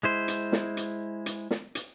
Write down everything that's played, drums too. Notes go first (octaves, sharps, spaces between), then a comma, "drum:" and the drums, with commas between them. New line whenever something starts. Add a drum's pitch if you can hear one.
G#3 E4 C5
drum: hi-hat
drum: snare
drum: hi-hat
drum: hi-hat
drum: snare
drum: hi-hat